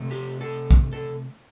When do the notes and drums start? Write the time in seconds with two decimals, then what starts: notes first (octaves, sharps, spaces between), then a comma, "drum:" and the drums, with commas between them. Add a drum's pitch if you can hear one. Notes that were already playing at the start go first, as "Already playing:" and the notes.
Already playing: C3 A3
0.11 G4
0.41 A4
0.71 drum: kick
0.93 A4